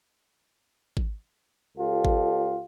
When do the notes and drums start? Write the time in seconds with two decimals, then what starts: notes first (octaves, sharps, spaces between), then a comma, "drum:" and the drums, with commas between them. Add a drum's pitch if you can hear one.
0.97 drum: kick G#1
1.78 C#2 F4 G4 A4
2.05 drum: kick G#1